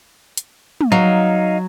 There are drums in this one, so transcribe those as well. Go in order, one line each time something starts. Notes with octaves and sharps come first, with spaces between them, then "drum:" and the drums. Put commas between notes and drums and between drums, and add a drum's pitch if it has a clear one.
drum: hi-hat
drum: tom
F#3 D#4 F5